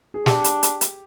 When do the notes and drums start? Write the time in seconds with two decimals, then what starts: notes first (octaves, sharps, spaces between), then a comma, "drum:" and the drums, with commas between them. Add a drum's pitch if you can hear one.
0.14 G#4
0.26 D4 G4, drum: snare
0.44 drum: hi-hat
0.63 drum: hi-hat
0.81 drum: hi-hat